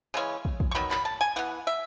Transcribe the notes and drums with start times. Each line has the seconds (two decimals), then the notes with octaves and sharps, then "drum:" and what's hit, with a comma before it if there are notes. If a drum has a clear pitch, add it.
0.14 C#3 E3 G#3 C#4
0.45 drum: kick
0.60 drum: kick
0.71 C#6
0.75 D#3 F#3 B3 B5
0.91 B5, drum: clap
1.05 A5
1.21 G#5
1.36 E3 B3 F#5
1.67 E5